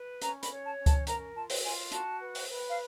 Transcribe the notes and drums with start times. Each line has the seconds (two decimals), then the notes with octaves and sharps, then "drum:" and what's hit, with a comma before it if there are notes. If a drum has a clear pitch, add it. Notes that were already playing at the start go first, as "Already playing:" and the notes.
Already playing: B4
0.21 C#4 A#5, drum: hi-hat
0.43 B5, drum: hi-hat
0.51 C#5
0.65 A5
0.79 C#4
0.86 A5, drum: kick C#2, hi-hat
1.07 A#4 A#5, drum: hi-hat
1.35 F4 A5
1.50 drum: open hi-hat
1.64 F4 G#5
1.92 F#4 A5, drum: hi-hat
2.21 B4
2.35 drum: open hi-hat
2.49 B4
2.71 F5